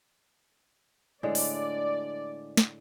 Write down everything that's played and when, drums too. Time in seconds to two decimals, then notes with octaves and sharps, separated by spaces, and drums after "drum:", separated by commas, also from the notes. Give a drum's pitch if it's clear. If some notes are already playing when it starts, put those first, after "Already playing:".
1.23 A2 D3 G#3 D5
1.35 drum: open hi-hat
2.57 drum: snare